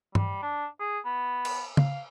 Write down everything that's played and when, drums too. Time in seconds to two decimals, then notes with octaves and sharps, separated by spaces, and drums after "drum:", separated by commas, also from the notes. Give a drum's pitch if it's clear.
0.15 G3, drum: tom G2
0.42 D4
0.80 G#4
1.05 B3
1.45 drum: cymbal
1.77 F5, drum: tom